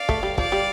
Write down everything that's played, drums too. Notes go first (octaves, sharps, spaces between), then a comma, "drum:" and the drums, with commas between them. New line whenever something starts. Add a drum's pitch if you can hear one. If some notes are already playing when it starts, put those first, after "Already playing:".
Already playing: D5 F5
A3, drum: kick
G3
F3 D5 F5, drum: kick
G3